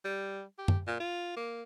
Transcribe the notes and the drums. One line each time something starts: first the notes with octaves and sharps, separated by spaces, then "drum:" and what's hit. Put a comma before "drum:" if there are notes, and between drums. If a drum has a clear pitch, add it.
G3
G4
drum: tom F#2
A#2
F4
A#3